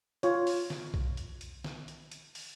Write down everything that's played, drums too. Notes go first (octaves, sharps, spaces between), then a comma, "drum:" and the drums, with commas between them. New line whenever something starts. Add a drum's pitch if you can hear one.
F4 C#5, drum: hi-hat
drum: open hi-hat
drum: snare D#3
drum: kick B1
drum: hi-hat
drum: hi-hat
drum: snare D#3
drum: hi-hat
drum: hi-hat
drum: open hi-hat